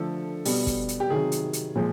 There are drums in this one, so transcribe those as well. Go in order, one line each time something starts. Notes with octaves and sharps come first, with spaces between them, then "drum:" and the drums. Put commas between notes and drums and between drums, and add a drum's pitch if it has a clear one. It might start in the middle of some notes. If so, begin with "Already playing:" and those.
Already playing: D3 F3 A3 A4
B2 G3 B3, drum: open hi-hat
drum: kick, hi-hat
drum: hi-hat
G4
C3 D#3 F#3 G#4
drum: hi-hat
drum: hi-hat
A#2 F3 G#3